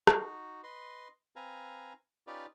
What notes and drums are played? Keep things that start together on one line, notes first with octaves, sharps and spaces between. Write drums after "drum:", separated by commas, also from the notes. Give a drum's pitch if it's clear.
D#4 F#4, drum: rim click
B4 D#5 C6
C4 B4 F5 G#5 A#5
C#4 D#4 F4 G4 B4 D5